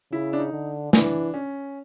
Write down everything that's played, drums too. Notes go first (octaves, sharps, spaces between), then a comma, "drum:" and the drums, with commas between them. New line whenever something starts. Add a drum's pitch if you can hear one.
C#3 E4
D4
D#4
D3
E3 D4, drum: snare
C#4